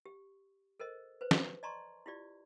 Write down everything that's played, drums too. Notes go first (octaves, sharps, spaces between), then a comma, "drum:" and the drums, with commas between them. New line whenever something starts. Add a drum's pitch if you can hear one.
G4
A4 A#4 C5 D#5
B4 C5
drum: snare
D5 D#5 A5 A#5 C6 C#6
E4 F4 G4 D5